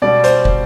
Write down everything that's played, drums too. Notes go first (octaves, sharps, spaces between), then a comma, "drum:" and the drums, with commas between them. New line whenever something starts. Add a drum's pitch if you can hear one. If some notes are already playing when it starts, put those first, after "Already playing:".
B2 G3 D5
C5, drum: hi-hat
drum: kick